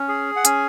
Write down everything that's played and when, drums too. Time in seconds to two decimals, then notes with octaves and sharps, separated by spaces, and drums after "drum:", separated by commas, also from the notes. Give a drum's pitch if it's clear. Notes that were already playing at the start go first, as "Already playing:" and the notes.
Already playing: C#4
0.08 G#4
0.36 F#5
0.45 C#4 G#5, drum: hi-hat